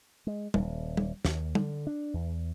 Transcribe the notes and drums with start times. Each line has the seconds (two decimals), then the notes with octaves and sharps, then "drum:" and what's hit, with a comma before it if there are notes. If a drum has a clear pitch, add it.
0.27 G#3
0.54 D#1, drum: tom
0.97 drum: tom
1.25 D#2, drum: snare
1.55 D3, drum: tom
1.87 D4
2.14 E2